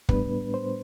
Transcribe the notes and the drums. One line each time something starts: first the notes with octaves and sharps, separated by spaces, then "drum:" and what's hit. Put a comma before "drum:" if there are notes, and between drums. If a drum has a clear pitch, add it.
A2 G3 B3 D4 B4, drum: kick
C5